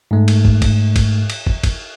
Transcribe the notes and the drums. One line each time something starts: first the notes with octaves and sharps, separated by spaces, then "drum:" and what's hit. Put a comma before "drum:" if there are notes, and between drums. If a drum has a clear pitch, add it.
G#2 A3
drum: cymbal
drum: kick
drum: kick, cymbal
drum: kick, cymbal
drum: cymbal
drum: kick
drum: kick, cymbal